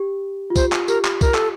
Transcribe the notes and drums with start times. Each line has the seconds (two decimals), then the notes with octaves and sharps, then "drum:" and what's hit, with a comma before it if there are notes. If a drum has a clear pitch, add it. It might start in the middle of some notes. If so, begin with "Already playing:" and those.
Already playing: G4
0.50 F4
0.56 G4 C5, drum: kick, tambourine
0.72 drum: clap
0.88 G4 A#4, drum: tambourine
1.05 drum: clap
1.21 A#4, drum: kick, tambourine
1.34 A4, drum: clap